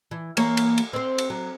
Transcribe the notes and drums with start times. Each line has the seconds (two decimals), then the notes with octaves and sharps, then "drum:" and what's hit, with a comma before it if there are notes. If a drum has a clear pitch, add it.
0.11 E3
0.37 E3 A#3 C#5, drum: cymbal
0.57 drum: cymbal
0.78 drum: cymbal
0.93 C4 C5
1.18 drum: cymbal
1.30 F#3